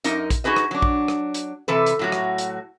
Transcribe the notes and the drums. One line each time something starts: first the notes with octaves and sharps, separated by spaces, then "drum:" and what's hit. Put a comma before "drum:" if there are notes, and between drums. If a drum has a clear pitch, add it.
F#2 D#4 A#4 D#5, drum: hi-hat
drum: kick, hi-hat
D#4 F#4 G#4 B4 D#5
drum: rim click
F#3 D4
drum: kick
drum: rim click
drum: hi-hat
C3 E3 A4 B4
drum: hi-hat
A2 F#3 F#4
drum: rim click
drum: hi-hat